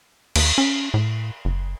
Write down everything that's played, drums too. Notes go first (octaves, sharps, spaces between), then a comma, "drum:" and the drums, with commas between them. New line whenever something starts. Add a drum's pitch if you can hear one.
D#2, drum: cymbal
C#4
A2
F#1